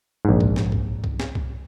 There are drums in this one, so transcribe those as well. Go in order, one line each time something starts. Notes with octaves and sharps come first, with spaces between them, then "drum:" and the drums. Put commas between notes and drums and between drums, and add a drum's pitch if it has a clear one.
A#1 G#2
drum: kick C2
drum: snare
drum: kick C2
drum: kick C2
drum: snare
drum: kick C2